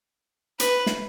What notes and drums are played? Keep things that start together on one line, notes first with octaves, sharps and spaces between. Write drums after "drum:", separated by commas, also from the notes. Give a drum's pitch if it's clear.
B4, drum: hi-hat
drum: snare